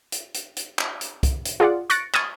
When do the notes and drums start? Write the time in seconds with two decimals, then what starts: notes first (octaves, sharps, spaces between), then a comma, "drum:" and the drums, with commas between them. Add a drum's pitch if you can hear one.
0.12 drum: hi-hat
0.34 drum: hi-hat
0.56 drum: hi-hat
0.79 drum: clap
1.01 drum: hi-hat
1.23 drum: kick C2, hi-hat
1.45 drum: hi-hat
1.60 F4 G#4 D5 F#5
1.90 C#6 F#6 A6 A#6 C#7 D7, drum: hi-hat
2.14 C#6 D#6 F6 G#6 A6 D#7, drum: clap